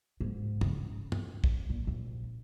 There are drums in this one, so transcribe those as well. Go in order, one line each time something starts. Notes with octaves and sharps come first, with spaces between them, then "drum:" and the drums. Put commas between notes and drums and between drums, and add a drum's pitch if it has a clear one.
G#2
C#3, drum: tom
drum: tom
drum: kick
A#2
A#1